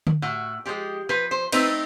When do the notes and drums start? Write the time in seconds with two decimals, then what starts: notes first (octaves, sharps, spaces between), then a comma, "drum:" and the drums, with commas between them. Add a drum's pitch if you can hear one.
0.07 drum: tom D3
0.22 A2 F#4
0.66 F3 G#3 G4
1.09 F3 B4
1.31 C5
1.52 A3 C4 D#4 B4, drum: cymbal